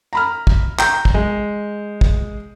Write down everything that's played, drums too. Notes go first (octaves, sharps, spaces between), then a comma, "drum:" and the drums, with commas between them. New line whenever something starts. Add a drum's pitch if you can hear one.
A#5 B5 F6
drum: kick
G5 A#5 G6, drum: clap
drum: kick
G#3
drum: kick